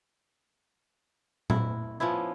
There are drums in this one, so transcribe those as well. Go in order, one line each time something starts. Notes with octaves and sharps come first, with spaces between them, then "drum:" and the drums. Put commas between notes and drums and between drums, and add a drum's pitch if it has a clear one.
E4, drum: tom A#2
F3 B3 C#4 E4